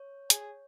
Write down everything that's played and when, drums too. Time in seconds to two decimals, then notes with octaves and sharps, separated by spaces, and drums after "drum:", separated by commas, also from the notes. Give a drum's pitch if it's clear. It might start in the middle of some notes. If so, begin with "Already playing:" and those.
Already playing: C#5
0.30 G#4, drum: hi-hat